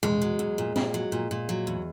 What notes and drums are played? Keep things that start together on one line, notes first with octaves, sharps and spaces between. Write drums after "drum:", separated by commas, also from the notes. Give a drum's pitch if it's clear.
E2 G#3, drum: tom A#2
F#3
E2
A#2
A#2, drum: snare
F#3
A#2
A#2
F#3
E2